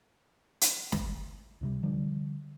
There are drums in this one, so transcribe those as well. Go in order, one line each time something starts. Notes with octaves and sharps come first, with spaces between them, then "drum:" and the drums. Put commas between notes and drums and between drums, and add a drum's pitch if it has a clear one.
drum: hi-hat
drum: snare
C#2 C3 G3
D3 F3 G3